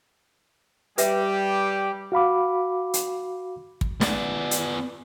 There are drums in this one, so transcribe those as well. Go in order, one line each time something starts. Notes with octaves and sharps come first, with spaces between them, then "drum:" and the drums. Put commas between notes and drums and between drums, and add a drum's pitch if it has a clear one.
G3 G4 B4 E5, drum: hi-hat
F#4 F5 B5 D6
drum: hi-hat
drum: kick
B3 D5, drum: snare
drum: hi-hat